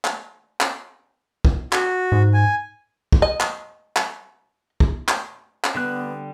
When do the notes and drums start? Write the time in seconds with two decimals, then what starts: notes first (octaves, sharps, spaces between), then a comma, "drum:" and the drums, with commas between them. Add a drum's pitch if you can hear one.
0.05 drum: clap
0.61 drum: clap
1.45 drum: kick
1.73 F#4, drum: clap
2.12 G#2
2.34 G#5
3.12 drum: kick
3.22 D#5
3.40 drum: clap
3.96 drum: clap
4.80 drum: kick
5.08 drum: clap
5.64 drum: clap
5.75 D3 G3 B3 F#6